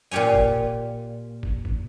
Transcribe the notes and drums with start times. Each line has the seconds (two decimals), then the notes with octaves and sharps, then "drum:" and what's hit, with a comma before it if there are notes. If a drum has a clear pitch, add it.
0.11 A#2 F4 G4 C#5 G#5
0.33 drum: kick
1.43 drum: kick
1.65 drum: kick